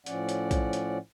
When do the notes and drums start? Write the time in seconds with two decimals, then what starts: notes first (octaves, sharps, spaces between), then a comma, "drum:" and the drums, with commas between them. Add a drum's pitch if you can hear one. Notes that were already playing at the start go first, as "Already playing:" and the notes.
0.06 A2 F3 C#4 D5 F#5, drum: hi-hat
0.29 drum: hi-hat
0.51 drum: kick A#1, hi-hat
0.73 drum: hi-hat